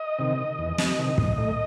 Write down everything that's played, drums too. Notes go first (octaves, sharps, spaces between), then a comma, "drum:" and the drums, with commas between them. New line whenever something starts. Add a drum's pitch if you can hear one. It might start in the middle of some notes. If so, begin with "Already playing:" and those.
Already playing: D#5
C3 D#3
E2
drum: snare
C3 D#3
drum: kick
A2 D#5